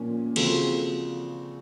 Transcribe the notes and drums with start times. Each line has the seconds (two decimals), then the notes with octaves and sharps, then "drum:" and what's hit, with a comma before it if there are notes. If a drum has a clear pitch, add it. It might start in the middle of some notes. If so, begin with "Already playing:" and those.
Already playing: A#2 F3 A#3 C#4
0.36 C#3 F3 C4 F#4 A4, drum: cymbal